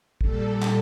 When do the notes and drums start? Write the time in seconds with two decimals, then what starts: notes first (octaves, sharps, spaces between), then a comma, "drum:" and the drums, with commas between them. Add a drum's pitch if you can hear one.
0.21 A#2 G3 A4, drum: kick
0.62 drum: clap